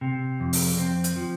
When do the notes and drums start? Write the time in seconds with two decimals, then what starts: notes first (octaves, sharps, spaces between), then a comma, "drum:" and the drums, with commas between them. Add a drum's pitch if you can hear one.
0.01 C3
0.40 F2
0.53 drum: open hi-hat
0.78 C4
1.04 drum: hi-hat
1.16 F3